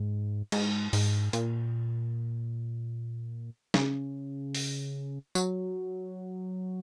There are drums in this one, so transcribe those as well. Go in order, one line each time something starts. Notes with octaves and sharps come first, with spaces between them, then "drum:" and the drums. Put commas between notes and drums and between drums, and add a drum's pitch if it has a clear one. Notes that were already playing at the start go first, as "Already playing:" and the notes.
Already playing: G#2
G#2, drum: cymbal
G#2, drum: open hi-hat
A#2, drum: hi-hat
C#3, drum: snare
drum: open hi-hat
F#3, drum: tambourine